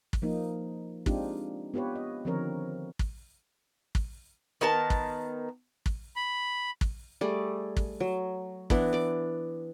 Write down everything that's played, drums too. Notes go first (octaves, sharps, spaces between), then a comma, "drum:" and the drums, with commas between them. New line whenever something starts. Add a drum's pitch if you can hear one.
drum: kick
F3 A#3 D#4
G#3 C4 D4 D#4 F4 G4, drum: kick
B3 F4 G4 B4 C#5
D#5
D3 D#3 F3 C4 A#4 C#5
drum: kick
drum: kick
D#3 B3 A#4 A5
drum: kick
drum: kick
B5
drum: kick
G3 A3 G#4 D5
drum: kick
F#3
E3 B3 D4 E4, drum: kick
D5 D6